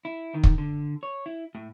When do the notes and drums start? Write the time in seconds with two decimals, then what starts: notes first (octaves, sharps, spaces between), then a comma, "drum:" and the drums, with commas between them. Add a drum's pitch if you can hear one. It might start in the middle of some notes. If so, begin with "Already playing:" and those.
0.05 E4
0.34 D#3
0.44 drum: kick
0.58 D3
1.03 C#5
1.26 E4
1.55 A2